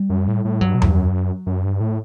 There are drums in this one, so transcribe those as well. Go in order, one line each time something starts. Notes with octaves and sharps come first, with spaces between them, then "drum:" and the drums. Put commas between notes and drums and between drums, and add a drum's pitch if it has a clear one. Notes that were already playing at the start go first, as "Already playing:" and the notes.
Already playing: G3
F#2
A2
A2
G2 F#3
B2
A2, drum: tom E2
G2
F#2
F#2
G2
A2